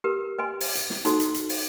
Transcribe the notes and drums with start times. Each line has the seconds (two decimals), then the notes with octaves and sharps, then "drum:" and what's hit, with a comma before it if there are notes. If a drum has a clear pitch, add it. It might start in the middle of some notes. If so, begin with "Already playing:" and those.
0.04 G4 A#4 B4
0.38 B4 D#5 G#5 C6
0.60 drum: open hi-hat
0.75 drum: hi-hat
0.90 drum: snare
1.05 D#4 F#4 A4 C5 C6, drum: hi-hat
1.20 drum: hi-hat
1.34 drum: hi-hat
1.49 drum: open hi-hat